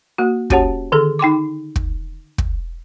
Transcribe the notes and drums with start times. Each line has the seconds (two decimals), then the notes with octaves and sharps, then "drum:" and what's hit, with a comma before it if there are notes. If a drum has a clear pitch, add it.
0.18 A#3 F#4
0.50 C#4 F#4 G4 C#5 F#5 A5, drum: kick
0.92 D3 D#3 G#4 A4
1.19 D#4 G5 C6 D6
1.76 drum: kick
2.38 drum: kick